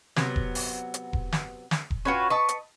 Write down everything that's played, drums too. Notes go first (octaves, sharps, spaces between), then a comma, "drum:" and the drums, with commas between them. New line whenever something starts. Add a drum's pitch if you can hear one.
C3 F#3 B3, drum: snare
drum: kick E1
drum: open hi-hat
drum: hi-hat
drum: kick E1
drum: snare
drum: snare
drum: kick E1
C#4 F4 F#4 B4 C#5
B4 D#5 A5 C#6
drum: hi-hat